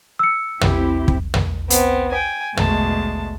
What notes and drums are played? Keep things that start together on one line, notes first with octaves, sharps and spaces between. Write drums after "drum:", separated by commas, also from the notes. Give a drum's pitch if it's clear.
E6 C#7
C4 E4 G4, drum: tom
drum: kick
drum: tom
B3 C4, drum: hi-hat
G5 G#5
D2 B2 G#3 A3 A5, drum: tom